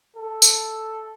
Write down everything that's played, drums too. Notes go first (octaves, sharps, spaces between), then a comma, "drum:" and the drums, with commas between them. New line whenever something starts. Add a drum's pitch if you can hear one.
A4
drum: tambourine